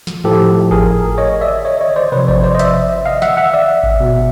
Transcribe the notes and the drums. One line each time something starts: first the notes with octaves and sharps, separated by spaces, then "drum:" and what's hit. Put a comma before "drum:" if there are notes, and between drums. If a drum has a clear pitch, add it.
drum: snare
A2 F3 G4 A4
G#4 A#4, drum: kick G#1
C#5 D#5
D5 E5
C#5 D#5
C#5 D#5
C5 D5
C3 F3 B4 C#5
C5 D5, drum: kick G#1
C5 D5
D#5
D5 E5, drum: hi-hat
D#5 F5
E5 F#5, drum: snare
E5 F#5
D5 E5
drum: kick G#1
B2